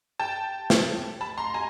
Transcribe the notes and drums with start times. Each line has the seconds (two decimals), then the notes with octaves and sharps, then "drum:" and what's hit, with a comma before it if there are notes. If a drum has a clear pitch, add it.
0.20 G5 A5
0.70 drum: snare
1.21 A5 B5
1.37 A#5 C6
1.54 G#5 A#5